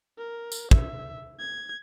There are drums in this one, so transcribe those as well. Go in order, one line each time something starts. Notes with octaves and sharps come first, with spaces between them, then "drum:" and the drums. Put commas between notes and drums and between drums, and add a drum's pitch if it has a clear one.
A#4
drum: tambourine
E5, drum: kick
G#6